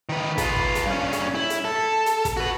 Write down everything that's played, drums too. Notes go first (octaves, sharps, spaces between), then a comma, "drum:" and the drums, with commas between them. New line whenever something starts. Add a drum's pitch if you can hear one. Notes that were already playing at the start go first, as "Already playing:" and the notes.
D#3 B4
F4 B4, drum: kick, hi-hat
drum: kick
drum: hi-hat
G2 C#4
drum: hi-hat
E4
drum: hi-hat
A4
drum: hi-hat
drum: kick, hi-hat
F#4 B4